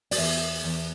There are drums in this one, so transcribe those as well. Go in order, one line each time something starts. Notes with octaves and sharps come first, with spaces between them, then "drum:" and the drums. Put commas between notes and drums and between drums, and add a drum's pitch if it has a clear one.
D5, drum: open hi-hat
E2 E5
E2